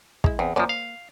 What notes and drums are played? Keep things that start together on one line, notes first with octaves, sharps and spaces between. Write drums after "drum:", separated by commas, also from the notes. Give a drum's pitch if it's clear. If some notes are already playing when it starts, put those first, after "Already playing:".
G#3 E4, drum: kick
E2 C4
F#2 F3 A#3 C5 D5
F5